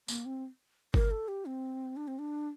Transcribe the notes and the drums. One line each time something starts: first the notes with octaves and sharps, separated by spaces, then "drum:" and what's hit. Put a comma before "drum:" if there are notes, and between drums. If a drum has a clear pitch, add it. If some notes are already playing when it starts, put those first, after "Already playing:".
A#3, drum: tambourine
C4
A#4, drum: kick G1
A4
G4
C4
D4
C4
D4